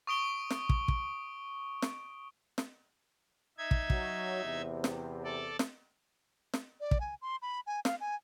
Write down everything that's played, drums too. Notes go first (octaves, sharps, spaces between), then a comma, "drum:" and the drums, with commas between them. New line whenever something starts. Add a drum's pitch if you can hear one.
C#6 D#6 D7 G7
drum: snare
drum: kick
drum: kick
drum: snare
drum: snare
D#4 E5 G#6
drum: kick
F#3, drum: kick
E2 C3
drum: snare
A4 D5
drum: snare
drum: snare
D5
drum: kick
G#5
C6
B5
G#5
F5, drum: snare
G#5